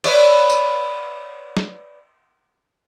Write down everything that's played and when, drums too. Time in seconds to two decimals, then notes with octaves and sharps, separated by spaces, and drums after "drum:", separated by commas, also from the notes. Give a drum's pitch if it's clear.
0.04 B4 C#5 D5, drum: cymbal
0.50 drum: tambourine
1.57 drum: snare